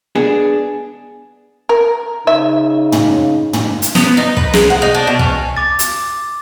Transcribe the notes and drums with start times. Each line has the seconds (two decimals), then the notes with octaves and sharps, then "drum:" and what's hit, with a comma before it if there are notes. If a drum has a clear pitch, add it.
0.15 B3 D4 G#4
1.69 A#4
2.27 C#3 D#4 E5
2.92 drum: tom
3.53 drum: tom
3.82 drum: hi-hat
3.95 B3, drum: snare
4.17 D#4
4.37 B4, drum: kick
4.54 G#3, drum: snare
4.70 F#5
4.82 D#4
4.94 D4
5.07 B2
5.19 C#4, drum: kick
5.57 D6 A6
5.79 drum: hi-hat